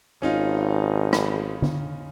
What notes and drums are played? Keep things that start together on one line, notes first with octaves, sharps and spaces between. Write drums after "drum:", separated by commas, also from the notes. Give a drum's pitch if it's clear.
G#1 C#4 D#4 F4
drum: rim click
drum: tom D3